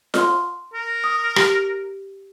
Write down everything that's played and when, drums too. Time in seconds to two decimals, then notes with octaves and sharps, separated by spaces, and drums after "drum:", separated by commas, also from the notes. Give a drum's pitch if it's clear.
0.14 C6 F6, drum: snare F4
0.74 A#4
1.04 D#6
1.36 G4, drum: rim click